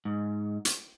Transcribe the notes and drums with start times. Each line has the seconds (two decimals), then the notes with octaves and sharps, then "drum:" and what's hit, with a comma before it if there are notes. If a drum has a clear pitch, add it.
0.05 G#2
0.65 drum: hi-hat